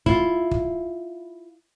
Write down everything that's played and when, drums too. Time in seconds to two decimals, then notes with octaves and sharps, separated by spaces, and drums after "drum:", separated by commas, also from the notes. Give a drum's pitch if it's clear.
0.06 E4 F4, drum: kick
0.51 drum: kick